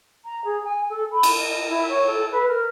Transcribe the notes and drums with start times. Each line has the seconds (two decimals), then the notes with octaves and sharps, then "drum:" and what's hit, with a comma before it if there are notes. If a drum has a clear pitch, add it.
0.25 A#5
0.45 G#4
0.64 G#5
0.89 A4
1.11 B5
1.23 drum: cymbal
1.38 D#5
1.68 E4
1.88 C#5
2.06 A4
2.32 B4
2.48 A#4